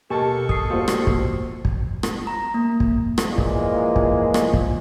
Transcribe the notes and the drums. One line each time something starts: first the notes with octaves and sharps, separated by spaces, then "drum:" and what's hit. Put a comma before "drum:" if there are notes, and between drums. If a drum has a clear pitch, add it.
D#2 B2 G4 A4 A#4 A5 C#6
D#6 C7, drum: kick
B2 G3 A#3 F4 F#4 C5
drum: rim click
drum: kick
drum: kick
drum: rim click
A#5
A#3
drum: kick
A#2 E3 F3 G#3 A#3, drum: rim click
drum: kick
drum: kick
drum: rim click
drum: kick